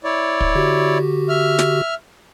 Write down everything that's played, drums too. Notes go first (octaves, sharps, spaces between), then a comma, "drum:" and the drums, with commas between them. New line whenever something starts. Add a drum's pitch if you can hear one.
E4 C#5 D5
drum: kick
D3 F#4 G4
E5 F6
drum: snare